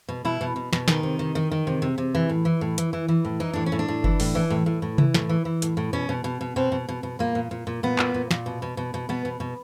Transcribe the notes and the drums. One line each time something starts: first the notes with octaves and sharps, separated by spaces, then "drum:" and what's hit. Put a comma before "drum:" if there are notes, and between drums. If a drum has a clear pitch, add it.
B2
B2 E4
B2
B2
B2, drum: snare
D#3 D#4, drum: snare
C3
D#3
D#3
D#3
C3
C3
C3
E3
A2
E3
A2
E3, drum: hi-hat
E3
E3
A2
E3 D#4
A2 D4
C#4
A2
D4
A2
E3, drum: kick F#1
A2, drum: open hi-hat
E3
A2
A2
A2
E3, drum: tom C3
A2, drum: snare
E3
E3
A2, drum: hi-hat
A2
B2 C#4
B2
B2
B2
B2 C4
B2
B2
B2
A#2 A#3
A#2
A#2
A#2
A#2 B3
A#2, drum: clap
A#2
A#2, drum: snare
B2
B2
B2
B2
B2 B3
B2
B2